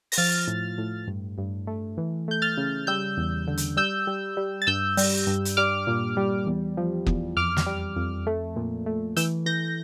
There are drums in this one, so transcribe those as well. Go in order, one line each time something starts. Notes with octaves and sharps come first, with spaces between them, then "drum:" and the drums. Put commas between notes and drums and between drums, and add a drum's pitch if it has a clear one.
A#6, drum: open hi-hat
F3 F6 A6
A2
A2
G2
G2
A3
E3
A3 G6
F6 A6
C#3
G3 E6 G6
E2
D3
drum: hi-hat
G3 E6 G6
G3
G3
A6
G2 E6 G6
G3, drum: open hi-hat
G2
drum: hi-hat
G3 D6 F6
A#2
G3
E2
F3
E2, drum: kick
F2 D6 F6
drum: snare
G3
F2
A3
A#2
A3
E3 E6 G6, drum: hi-hat
E3 G6 A#6